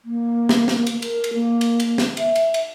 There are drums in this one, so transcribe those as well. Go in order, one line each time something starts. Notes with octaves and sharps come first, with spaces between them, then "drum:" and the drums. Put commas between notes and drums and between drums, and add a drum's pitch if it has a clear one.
A#3
drum: snare
drum: snare
drum: cymbal
A#4, drum: cymbal
drum: cymbal
A#3
drum: cymbal
drum: cymbal
drum: snare
E5, drum: cymbal
drum: cymbal
drum: cymbal